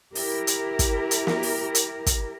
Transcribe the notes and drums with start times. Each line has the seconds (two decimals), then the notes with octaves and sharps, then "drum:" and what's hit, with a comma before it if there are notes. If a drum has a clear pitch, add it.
0.15 E4 G4 A#4, drum: open hi-hat
0.47 drum: hi-hat
0.79 drum: kick, hi-hat
1.11 drum: hi-hat
1.27 drum: snare
1.43 drum: open hi-hat
1.75 drum: hi-hat
2.06 drum: kick, hi-hat